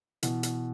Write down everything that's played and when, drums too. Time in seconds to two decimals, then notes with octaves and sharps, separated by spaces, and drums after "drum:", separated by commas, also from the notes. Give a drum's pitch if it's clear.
0.23 B2 E3, drum: hi-hat
0.43 drum: hi-hat